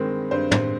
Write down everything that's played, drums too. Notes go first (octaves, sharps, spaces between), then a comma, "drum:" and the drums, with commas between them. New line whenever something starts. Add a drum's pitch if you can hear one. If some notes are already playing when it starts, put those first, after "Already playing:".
Already playing: G2 D#3 G#3 C4
G2 C5
C5, drum: tom